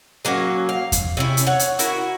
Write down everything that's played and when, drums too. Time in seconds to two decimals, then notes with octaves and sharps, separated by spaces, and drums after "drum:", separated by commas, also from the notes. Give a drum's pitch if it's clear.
0.25 F#3 A#3 C#4 F#4
0.69 F5
0.92 drum: kick E2, hi-hat
1.17 C3 C#4 E4
1.37 drum: hi-hat
1.47 C#5 F#5
1.59 drum: hi-hat
1.79 E4 F#4 A#4, drum: hi-hat